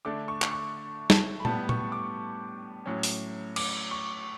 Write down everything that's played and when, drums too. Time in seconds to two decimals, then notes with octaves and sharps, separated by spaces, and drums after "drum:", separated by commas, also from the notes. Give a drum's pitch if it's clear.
0.05 D3 A3 D4 D6
0.28 C#6
0.42 drum: clap
0.52 C#6
1.10 A5, drum: snare
1.40 B5
1.45 A2 G3 B3 A5, drum: tom A#2
1.69 C#6, drum: tom A#2
1.92 D6
2.86 A2 F#3 C#4
3.03 drum: open hi-hat
3.56 D6, drum: cymbal
3.91 C#6